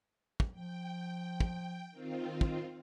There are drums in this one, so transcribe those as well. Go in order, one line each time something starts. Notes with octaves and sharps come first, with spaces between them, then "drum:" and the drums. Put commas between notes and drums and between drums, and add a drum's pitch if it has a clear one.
drum: kick
F3 G5
drum: kick
D#3 C4 F4
drum: kick